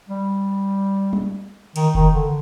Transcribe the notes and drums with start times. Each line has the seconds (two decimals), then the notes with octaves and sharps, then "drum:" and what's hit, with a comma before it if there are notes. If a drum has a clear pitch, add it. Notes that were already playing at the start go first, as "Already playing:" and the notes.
0.09 G3
1.13 drum: tom
1.76 D#3, drum: cymbal
1.95 D#3, drum: kick F1
2.14 D3